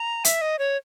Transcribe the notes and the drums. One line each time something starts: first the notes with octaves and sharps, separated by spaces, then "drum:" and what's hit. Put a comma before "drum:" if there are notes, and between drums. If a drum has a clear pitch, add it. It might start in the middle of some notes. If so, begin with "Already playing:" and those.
Already playing: A#5
E5, drum: hi-hat
D#5
C#5